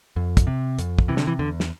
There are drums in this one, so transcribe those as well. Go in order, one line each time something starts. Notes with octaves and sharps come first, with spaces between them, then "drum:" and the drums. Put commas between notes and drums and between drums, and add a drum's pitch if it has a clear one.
F2
drum: kick, hi-hat
C3
F2, drum: hi-hat
drum: kick
C3 E3
D3, drum: snare
E3
E2 D3
drum: snare